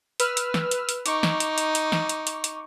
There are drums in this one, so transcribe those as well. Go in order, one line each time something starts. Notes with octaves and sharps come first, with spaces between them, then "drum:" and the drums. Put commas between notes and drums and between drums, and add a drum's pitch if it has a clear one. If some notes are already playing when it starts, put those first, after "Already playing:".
B4 E6 F6, drum: hi-hat
drum: hi-hat
drum: snare
drum: hi-hat
drum: hi-hat
D#4 C#6 D6, drum: hi-hat
drum: snare
drum: hi-hat
drum: hi-hat
drum: hi-hat
drum: snare
drum: hi-hat
drum: hi-hat
drum: hi-hat